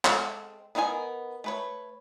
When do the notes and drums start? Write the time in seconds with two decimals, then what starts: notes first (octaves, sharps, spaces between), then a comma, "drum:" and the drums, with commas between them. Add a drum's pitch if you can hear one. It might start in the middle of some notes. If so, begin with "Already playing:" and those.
0.05 G#3 C4 A4, drum: clap
0.75 B3 D#4 A#4 E5 G#5
1.44 A3 B4 C#5